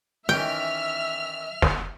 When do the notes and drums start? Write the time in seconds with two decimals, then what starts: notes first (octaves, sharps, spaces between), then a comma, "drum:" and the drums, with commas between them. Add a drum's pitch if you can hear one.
0.29 D#3 E3 C#4 E5 G5 F6
1.62 drum: snare